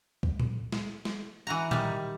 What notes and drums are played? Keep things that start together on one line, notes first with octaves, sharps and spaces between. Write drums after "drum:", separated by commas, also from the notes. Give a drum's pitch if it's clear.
drum: kick
drum: tom A#2
drum: snare
drum: snare
E3 F#4 A#5
D#3 G3, drum: tom A#2